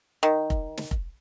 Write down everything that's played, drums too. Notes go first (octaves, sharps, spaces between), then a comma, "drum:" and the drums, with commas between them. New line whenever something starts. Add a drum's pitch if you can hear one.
D#3
drum: kick F1
drum: snare
drum: kick F1